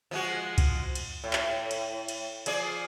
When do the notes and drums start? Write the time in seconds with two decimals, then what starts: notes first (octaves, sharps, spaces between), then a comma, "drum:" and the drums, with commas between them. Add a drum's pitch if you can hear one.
0.11 F3 G#3 F#4
0.58 drum: kick, cymbal
0.95 drum: cymbal
1.24 A2
1.33 drum: clap
1.71 drum: cymbal
2.08 drum: cymbal
2.46 F3 G#4 D5, drum: cymbal